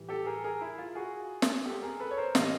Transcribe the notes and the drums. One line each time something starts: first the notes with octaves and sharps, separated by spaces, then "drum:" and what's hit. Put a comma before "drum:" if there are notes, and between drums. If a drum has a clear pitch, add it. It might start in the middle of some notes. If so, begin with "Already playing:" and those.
Already playing: A2 E3 G3
G4 A4
G#4 A#4
G#4 A#4
E4
F4
F#4 G#4
drum: snare
G4 A4
G#4 A#4
A4 B4
C#5
A#4 C5
A2 E3 G3 D#5 F5, drum: snare